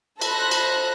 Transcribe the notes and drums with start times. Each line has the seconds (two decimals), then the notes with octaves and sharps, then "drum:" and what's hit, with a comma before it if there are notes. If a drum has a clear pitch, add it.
0.21 A4 C5 B5 F#6 A#6, drum: cymbal
0.51 drum: cymbal